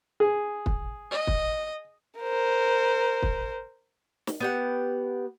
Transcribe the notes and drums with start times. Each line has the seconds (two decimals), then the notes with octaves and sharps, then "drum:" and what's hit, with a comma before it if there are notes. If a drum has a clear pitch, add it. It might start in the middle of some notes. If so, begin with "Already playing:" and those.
0.20 G#4
0.66 drum: kick
1.11 D#5
1.27 drum: kick
2.20 A#4 C5
3.22 drum: kick
4.27 drum: snare
4.40 B3 G4 F#5